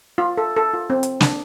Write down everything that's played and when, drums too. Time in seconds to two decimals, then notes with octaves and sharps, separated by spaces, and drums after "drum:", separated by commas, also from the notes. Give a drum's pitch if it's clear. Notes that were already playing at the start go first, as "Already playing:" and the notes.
0.18 F4
0.37 A4
0.57 A4
0.74 F4
0.90 C4
1.03 drum: hi-hat
1.21 D4, drum: snare